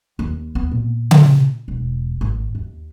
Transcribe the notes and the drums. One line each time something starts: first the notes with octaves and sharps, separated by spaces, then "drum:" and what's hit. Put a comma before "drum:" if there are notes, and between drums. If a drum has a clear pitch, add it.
D#2
B3
A#2
drum: tom C#3
E1
G#1
D#2